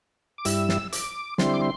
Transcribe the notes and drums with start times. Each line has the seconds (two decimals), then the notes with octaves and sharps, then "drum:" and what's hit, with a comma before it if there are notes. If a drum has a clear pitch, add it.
0.38 D6
0.45 G2 G3 E4 E6, drum: hi-hat
0.69 drum: snare
0.92 D6, drum: hi-hat
1.38 D3 G3 C4 E4 C6, drum: snare
1.54 D6
1.62 C6